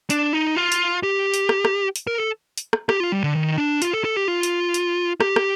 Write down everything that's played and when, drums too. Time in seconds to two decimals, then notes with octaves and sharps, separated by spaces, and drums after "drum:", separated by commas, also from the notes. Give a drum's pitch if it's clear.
0.10 D4, drum: hi-hat
0.33 D#4
0.56 F4
0.72 drum: hi-hat
1.03 G4
1.34 drum: hi-hat
1.49 drum: rim click
1.65 drum: rim click
1.96 drum: hi-hat
2.07 A#4
2.18 A4
2.58 drum: hi-hat
2.73 drum: rim click
2.89 G4, drum: rim click
3.00 F4
3.12 G3
3.23 D3
3.35 D#3
3.58 D4
3.82 F4, drum: hi-hat
3.93 A4
4.05 A4
4.17 G4
4.28 F4
4.43 drum: hi-hat
4.74 drum: hi-hat
5.20 G4, drum: rim click
5.36 drum: rim click